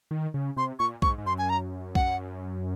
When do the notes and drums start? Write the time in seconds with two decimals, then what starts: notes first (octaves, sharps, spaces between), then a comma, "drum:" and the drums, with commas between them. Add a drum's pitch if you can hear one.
0.11 D#3
0.34 C#3
0.56 C3 C6
0.79 A#2 C#6
1.02 G#2 C#6, drum: kick B1
1.18 G#2
1.26 F#2 C6
1.38 G#5
1.49 A#5
1.95 F#5, drum: kick B1